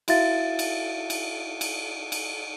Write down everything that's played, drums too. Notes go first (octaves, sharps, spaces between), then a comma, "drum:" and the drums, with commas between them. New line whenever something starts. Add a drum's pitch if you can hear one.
E4 F#4 E5 F5 A6, drum: cymbal
drum: cymbal
drum: cymbal
drum: cymbal
drum: cymbal